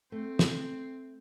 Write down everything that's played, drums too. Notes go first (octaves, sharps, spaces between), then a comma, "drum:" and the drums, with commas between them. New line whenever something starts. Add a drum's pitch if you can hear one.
A3 C4
drum: snare